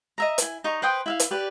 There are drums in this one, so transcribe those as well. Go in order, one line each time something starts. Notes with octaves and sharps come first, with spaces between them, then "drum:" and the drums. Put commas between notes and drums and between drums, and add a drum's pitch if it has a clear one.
D#5 E5 A#5
E4 G#5, drum: hi-hat
D#4 D#5 A#5 C#6
B4 C5 G5 D#6
E4 E5 F5
drum: hi-hat
G4 B4 D5